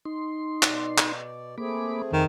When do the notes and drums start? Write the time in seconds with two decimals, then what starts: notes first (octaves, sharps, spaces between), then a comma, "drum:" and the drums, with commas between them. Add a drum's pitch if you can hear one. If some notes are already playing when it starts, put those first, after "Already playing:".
0.06 D#4 C6
0.63 B2 D5, drum: clap
0.98 drum: clap
1.58 A3 A#3 C4 G#4 B5 D6
2.13 F2 D#3